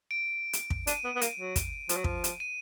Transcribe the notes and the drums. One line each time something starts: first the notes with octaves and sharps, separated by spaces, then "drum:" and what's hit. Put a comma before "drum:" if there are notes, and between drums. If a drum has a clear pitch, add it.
D7
drum: hi-hat
drum: kick
D4 D#7, drum: hi-hat
B3
B3
A#3, drum: hi-hat
F#3
drum: kick, hi-hat
F3, drum: hi-hat
F#3
F3, drum: kick
drum: hi-hat
D#7